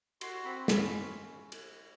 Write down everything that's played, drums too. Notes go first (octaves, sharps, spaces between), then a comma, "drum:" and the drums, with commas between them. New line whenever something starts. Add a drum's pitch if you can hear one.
F#4 C6, drum: cymbal
C4 B5
C#4 B5, drum: snare
C#4
drum: cymbal